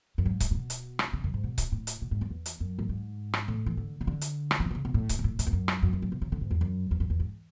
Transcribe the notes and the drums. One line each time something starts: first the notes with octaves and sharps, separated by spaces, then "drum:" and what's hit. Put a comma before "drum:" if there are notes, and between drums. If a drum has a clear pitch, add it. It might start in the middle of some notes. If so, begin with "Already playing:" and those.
F#2
G#2
drum: kick C#1, hi-hat
A2
B2
drum: hi-hat
drum: rim click
C#3
F#2
G#2
B2
drum: kick C#1, hi-hat
A2
drum: hi-hat
B2
G#2
F#2
E2
drum: hi-hat
F#2
A2
G#2
drum: rim click
A2
E3
D3
C#3
D3
drum: hi-hat
drum: rim click
E3
D3
B2
C#3
B2
A2
drum: kick C#1, hi-hat
B2
A2
A2, drum: hi-hat
E2
F#2
drum: rim click
F#2
F#2
A2
B2
C#3
D3
G#2
E2
F#2
E2
F#2
E2
G#2